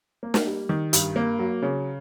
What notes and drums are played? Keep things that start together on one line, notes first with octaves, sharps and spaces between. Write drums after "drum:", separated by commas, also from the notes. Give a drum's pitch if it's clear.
A#3
drum: snare
G3
D#3
G2, drum: hi-hat
A#3
F#3
C#3